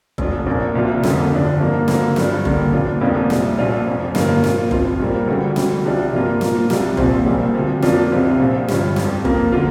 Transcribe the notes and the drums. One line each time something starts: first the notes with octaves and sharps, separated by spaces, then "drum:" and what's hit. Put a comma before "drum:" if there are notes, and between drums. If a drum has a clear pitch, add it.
F1 F2 F3 D4 F4, drum: kick F#1
A#1 A#2 A#3 D4
C2 A#2 F3 C4 F4
F1 F2 D3 A#3 F4, drum: snare
G2 D3 F3 D4
G2 F3 A#3
D2 D3 F3 A#3, drum: snare
G2 G3 D4, drum: snare
G2 D3 F3 A#3, drum: kick F#1
A#2 G3 D4 F4
F1 F2 F3 A#3 D4
C2 A#2 G3, drum: snare
A#1 A#2 F3 D4 F4
F1 F2 F3
G1 G2 F3 A#3 F4, drum: snare
A#2 A#3 F4, drum: snare
G2 F3 C4 F4, drum: kick F#1
A#2 G3 A#3
D2 D3 G3
D2 D3 G3, drum: snare
C2 C3 F3 D4 F4
G2 F3 A#3 F4
A#2 A#3 F4, drum: snare
C2 C3 G3 D4 F4, drum: snare
A#1 A#2 F3 C4, drum: kick F#1
A#1 A#2 G3 A#3
D2 C3 F3
F2 F3 A#3 D4 F4, drum: snare
C2 C3 F3 C4 F4
A#1 A#2 F3
G1 G2 G3, drum: snare
F2 C3 F3, drum: snare
F2 F3 A#3, drum: kick F#1
D3 A#3 F4